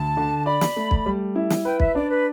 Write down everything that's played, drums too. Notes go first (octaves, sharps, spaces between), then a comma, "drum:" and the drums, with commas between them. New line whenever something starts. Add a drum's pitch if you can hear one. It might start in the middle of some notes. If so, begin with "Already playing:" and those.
Already playing: D2 A5
D3
D5 B5
drum: snare
A3
drum: kick
G3
E4
drum: snare
B4 G5
E5, drum: kick
D4 D5
B4